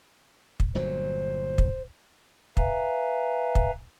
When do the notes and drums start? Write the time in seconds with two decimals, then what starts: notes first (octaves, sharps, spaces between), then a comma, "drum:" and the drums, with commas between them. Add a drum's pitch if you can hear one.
0.60 drum: kick
0.75 G1 A#2 F#3 C5
1.58 drum: kick
2.57 B4 E5 F5 G#5 A#5, drum: kick
3.55 drum: kick